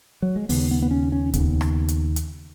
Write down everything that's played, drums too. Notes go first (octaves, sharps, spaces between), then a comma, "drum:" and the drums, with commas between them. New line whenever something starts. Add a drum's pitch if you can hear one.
F#3
G#3
D#2 C#3 B3, drum: open hi-hat
B3
B3
C#4
C#4
D#2 C#3 B3, drum: kick C#2, hi-hat
drum: rim click
drum: hi-hat
drum: hi-hat